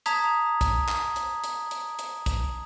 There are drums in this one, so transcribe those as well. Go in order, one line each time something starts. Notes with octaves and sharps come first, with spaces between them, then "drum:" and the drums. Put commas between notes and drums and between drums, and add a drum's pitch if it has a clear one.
A5 A#5 D#6 G#6 B6 F7, drum: hi-hat
drum: kick A#1, hi-hat
drum: clap
drum: hi-hat
drum: hi-hat
drum: hi-hat
drum: hi-hat
drum: kick A#1, hi-hat